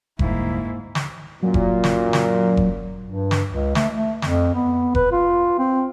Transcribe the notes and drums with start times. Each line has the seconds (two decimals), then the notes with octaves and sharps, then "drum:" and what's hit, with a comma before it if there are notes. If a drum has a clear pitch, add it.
0.19 D2 G#2 D3 G3 A#3 E4, drum: kick F1
0.95 drum: snare
1.43 F#2 A#2 F#3
1.54 drum: kick F1
1.84 drum: snare
2.13 drum: snare
2.57 drum: kick F1
3.06 G2
3.31 drum: snare
3.51 C#2
3.75 A3, drum: snare
3.94 A3
4.22 F2, drum: snare
4.54 B3
4.95 B4, drum: kick F1
5.12 F4
5.59 C4